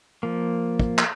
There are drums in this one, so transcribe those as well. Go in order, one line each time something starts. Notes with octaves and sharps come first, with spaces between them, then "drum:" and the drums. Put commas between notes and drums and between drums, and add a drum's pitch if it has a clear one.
F3 A#3
drum: kick
drum: clap